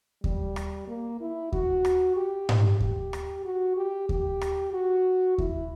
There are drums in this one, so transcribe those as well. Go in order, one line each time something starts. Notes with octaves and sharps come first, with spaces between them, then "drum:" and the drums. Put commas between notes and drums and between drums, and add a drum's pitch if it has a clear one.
G3, drum: kick D#2
drum: rim click
A#3
E4
F#4, drum: kick D#2
drum: rim click
G4
drum: tom G#2
G4, drum: kick D#2
drum: rim click
F#4
G4
G4, drum: kick D#2
drum: rim click
F#4
E4, drum: kick D#2